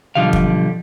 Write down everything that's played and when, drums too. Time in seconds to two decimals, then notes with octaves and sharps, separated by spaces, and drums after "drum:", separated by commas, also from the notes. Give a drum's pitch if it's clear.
0.15 B1 B2 D3 F3 G3 F5
0.33 drum: kick